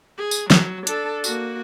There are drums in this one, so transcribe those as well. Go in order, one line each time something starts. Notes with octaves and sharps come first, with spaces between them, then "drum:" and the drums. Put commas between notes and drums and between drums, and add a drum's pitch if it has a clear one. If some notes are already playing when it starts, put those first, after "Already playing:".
G#4
drum: tambourine
F#3, drum: snare
D4 A4, drum: hi-hat
A#3 F#4, drum: tambourine